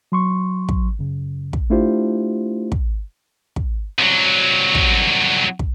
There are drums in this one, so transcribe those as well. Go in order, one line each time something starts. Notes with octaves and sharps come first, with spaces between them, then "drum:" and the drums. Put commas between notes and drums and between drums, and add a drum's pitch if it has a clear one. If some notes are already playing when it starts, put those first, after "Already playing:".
F#3 C6 C#6
drum: kick
F#2 C#3
drum: kick
A3 D4 E4 F4 G4 C5
drum: kick
drum: kick
C2 F#3
drum: kick
drum: kick